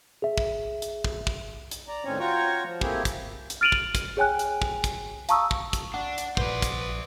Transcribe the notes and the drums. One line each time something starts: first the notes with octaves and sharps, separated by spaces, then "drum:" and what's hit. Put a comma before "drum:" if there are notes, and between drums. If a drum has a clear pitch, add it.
G#4 E5
drum: kick
drum: hi-hat
drum: kick
drum: kick
drum: hi-hat
D5 A#5
D#2 A2 C4 C#4 C#5
F4 F#4 C#5 G5 A#5 C#6
F3
A3 A#3 C4 E4 G4 G#4, drum: kick
drum: kick, hi-hat
drum: hi-hat
F6 A6 D7 D#7 F7 F#7
drum: kick
drum: kick, hi-hat
G#4 C#5 G5 G#5 F#6
drum: hi-hat
drum: kick
drum: kick, hi-hat
F5 A5 A#5 C#6 D#6 E6, drum: hi-hat
drum: kick
drum: kick, hi-hat
D4 F#5
drum: hi-hat
A#1 B4 C5 D5, drum: kick
drum: kick, hi-hat